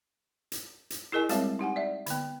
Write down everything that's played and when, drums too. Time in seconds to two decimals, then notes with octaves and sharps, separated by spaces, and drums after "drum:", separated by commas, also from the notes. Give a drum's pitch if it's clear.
0.52 drum: hi-hat
0.90 drum: hi-hat
1.12 E4 G#4 A#4 D#5 G#5
1.29 G3 G#3 C4 F#4 C#5 E5, drum: hi-hat
1.59 D#4 G4 F#5 G#5
1.76 D5 E5
2.06 D3 B3, drum: hi-hat